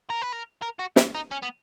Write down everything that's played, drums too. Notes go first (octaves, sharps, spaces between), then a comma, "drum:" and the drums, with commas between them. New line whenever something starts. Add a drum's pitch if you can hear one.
A#4
B4
A#4
A#4
F#4
E4, drum: snare
D#4
C#4
B3